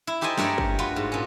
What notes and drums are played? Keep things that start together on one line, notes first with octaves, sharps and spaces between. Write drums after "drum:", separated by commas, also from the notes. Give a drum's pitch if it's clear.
E4
D#4 G4 A4 C5 D#5 G#5
G2 A3 A#4 C#5 D5, drum: snare
drum: kick
F4 F#4 B4
G#2
A#2 C#4